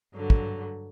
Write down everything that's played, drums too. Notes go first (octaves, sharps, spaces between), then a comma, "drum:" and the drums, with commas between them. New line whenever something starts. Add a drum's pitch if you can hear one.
G2 D3 F#3
drum: kick